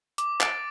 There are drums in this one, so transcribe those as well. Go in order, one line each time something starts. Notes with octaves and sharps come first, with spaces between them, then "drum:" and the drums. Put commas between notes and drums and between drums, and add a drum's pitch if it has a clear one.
D6, drum: hi-hat
A6 D7, drum: clap